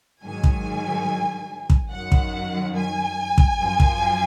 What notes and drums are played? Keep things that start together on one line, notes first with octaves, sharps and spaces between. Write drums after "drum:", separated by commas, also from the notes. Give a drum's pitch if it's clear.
G#2 D#3 F#3 G#5
drum: kick
drum: kick
F#2 D#3 F#3 F#5
drum: kick
G#5
drum: kick
F#2 F3
drum: kick